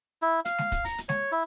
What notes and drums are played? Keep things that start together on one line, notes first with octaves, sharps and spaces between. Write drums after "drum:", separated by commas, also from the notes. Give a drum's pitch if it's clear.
E4
F5, drum: hi-hat
drum: snare G#3
drum: kick, hi-hat
A#5, drum: open hi-hat
drum: hi-hat
C#5, drum: snare G#3
E4